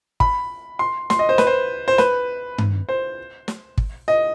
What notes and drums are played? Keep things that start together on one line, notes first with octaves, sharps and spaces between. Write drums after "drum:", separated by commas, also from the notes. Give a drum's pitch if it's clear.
B5, drum: kick
C6
C6, drum: snare
D#5
C5
B4, drum: snare
C5
C5
B4, drum: snare
drum: tom G2
C5
drum: snare
drum: kick
D#5